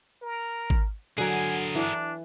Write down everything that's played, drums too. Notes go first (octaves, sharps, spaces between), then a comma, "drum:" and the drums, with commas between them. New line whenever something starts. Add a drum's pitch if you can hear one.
A#4
drum: kick G#1
D3 F#3 G#4 A#4 G#5
E3 D4